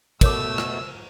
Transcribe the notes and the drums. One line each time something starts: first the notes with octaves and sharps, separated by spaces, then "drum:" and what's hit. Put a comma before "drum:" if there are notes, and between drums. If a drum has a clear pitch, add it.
B2 A3 A#4 C#5 D6 E6, drum: kick, cymbal
drum: rim click